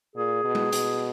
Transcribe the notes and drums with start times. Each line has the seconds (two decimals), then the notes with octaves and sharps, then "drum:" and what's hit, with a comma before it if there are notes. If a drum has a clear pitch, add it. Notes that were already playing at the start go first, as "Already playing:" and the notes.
0.15 A#2 G#4
0.44 B2
0.55 drum: tom G#3
0.72 B2, drum: hi-hat